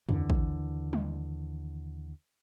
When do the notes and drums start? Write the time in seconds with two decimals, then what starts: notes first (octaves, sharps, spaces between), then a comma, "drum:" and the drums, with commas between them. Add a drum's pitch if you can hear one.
0.09 D#2 D3 E3, drum: tom F2
0.30 drum: kick
0.93 drum: tom G3